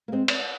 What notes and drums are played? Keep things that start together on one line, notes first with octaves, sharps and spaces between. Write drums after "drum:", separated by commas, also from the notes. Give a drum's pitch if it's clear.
A#3
G#3 C4
drum: cymbal